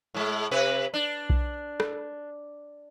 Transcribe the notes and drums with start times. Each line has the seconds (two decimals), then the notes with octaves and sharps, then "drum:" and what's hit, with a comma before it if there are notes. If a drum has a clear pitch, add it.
0.14 A2 G#3
0.51 C3 B4
0.94 D4
1.30 drum: kick B1
1.80 drum: rim click